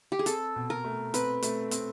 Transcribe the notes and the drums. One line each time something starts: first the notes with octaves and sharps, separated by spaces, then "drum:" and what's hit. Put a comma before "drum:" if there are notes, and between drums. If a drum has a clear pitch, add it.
G4
G#4
C4 A4, drum: hi-hat
B2
A#4
A3
C4 B4, drum: hi-hat
A3, drum: hi-hat
C4, drum: hi-hat